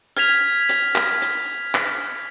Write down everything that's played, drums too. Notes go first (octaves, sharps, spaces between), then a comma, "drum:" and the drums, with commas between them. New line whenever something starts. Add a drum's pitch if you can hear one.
F6 G#6 B6 F7, drum: hi-hat
drum: hi-hat
drum: clap
drum: hi-hat
drum: clap